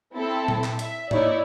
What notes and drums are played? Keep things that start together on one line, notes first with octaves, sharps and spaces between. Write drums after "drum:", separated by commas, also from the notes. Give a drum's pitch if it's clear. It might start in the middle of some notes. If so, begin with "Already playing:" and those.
C4 E4 A4
drum: tom A#2
drum: clap
E5, drum: hi-hat
D#4 E4 C#5 D5, drum: tom G#2